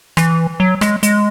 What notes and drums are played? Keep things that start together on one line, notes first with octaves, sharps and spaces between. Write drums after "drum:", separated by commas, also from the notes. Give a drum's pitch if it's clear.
E3, drum: rim click
F#3
G#3, drum: rim click
G#3, drum: hi-hat